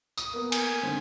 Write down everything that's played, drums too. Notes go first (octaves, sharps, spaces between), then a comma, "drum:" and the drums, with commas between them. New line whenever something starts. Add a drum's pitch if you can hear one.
D#6, drum: tambourine
A#3 B3
G#5, drum: cymbal
G#2 D3 C4